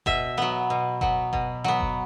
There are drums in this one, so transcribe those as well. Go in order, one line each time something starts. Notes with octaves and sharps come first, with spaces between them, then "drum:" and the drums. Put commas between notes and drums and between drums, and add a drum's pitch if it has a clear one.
B2 E5, drum: kick F#1
F#3 B3
B2
F#3 B3, drum: kick F#1
B2, drum: kick F#1
F#3 B3
drum: kick F#1